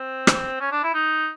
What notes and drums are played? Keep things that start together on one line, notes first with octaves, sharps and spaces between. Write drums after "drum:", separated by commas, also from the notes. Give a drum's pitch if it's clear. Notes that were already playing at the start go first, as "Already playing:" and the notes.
Already playing: C4
drum: rim click
C#4
D4
E4
D#4